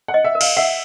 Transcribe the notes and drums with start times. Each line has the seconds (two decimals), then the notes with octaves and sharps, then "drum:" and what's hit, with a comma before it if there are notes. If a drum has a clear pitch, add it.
0.08 F#5
0.14 D#5
0.24 E5
0.35 A#4
0.41 F5, drum: cymbal
0.57 E5 F#5